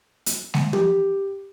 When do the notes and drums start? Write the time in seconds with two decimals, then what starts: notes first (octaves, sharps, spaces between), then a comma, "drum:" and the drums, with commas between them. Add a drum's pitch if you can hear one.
0.26 drum: hi-hat
0.54 drum: snare G#3
0.73 G4, drum: tom